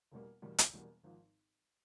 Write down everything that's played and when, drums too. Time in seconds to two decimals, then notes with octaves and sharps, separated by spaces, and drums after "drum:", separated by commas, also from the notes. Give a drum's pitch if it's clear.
0.12 E1 E2 B2 G3 A#3
0.42 E1 E2 B2 G3 A#3
0.58 drum: hi-hat
0.73 E1 E2 B2 G3 A#3
1.04 G#1 G#2 F3